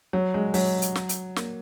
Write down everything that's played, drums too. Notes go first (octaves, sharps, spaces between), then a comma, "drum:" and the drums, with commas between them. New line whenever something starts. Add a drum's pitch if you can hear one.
F#3
G#3
F#3, drum: open hi-hat
drum: hi-hat
drum: snare
drum: hi-hat
A#3, drum: snare